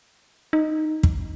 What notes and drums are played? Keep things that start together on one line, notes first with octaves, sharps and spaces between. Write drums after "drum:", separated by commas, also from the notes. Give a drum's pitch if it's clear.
D#4
drum: kick